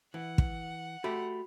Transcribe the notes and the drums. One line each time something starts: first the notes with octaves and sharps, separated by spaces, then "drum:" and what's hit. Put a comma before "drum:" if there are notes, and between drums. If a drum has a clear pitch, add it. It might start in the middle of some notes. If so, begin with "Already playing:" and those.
E3 F#5
drum: kick
A3 F#4 G4 B5